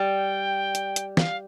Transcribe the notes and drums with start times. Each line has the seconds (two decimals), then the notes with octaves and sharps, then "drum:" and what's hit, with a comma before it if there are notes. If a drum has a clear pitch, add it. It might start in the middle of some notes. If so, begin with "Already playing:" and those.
Already playing: G3 G5
0.75 drum: hi-hat
0.96 drum: hi-hat
1.17 F5, drum: snare